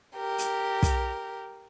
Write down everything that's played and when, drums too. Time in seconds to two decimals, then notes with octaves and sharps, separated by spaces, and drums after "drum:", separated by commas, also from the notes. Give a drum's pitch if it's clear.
0.16 G4 A#4
0.38 drum: hi-hat
0.83 drum: kick, hi-hat